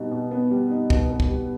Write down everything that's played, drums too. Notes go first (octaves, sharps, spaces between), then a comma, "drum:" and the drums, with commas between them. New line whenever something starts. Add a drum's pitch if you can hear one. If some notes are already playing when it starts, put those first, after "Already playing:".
Already playing: B2 G3 B3 D#4
B2
B3
G3
D#4
B2, drum: kick
B3
drum: kick
G3